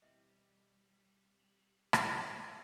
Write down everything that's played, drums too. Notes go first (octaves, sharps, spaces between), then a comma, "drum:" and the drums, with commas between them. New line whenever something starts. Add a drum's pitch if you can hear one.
B2 E3 G3 C4 D#5 E5 G5
drum: rim click